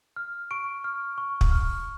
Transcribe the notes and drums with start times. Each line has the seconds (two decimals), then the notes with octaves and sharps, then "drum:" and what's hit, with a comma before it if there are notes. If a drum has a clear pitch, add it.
0.16 F6
0.51 C#6 D7
0.84 F6
1.18 C#6
1.41 drum: kick
1.52 F6